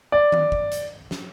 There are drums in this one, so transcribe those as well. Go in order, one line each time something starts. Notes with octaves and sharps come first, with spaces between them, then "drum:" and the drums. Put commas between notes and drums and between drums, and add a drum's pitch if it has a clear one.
D5
drum: tom D#3
drum: kick
drum: hi-hat
drum: snare